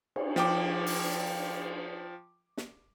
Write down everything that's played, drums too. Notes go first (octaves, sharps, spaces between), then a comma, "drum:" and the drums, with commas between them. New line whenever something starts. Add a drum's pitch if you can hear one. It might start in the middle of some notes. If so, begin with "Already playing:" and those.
drum: cymbal
F3 G5 D6, drum: snare
drum: open hi-hat
drum: snare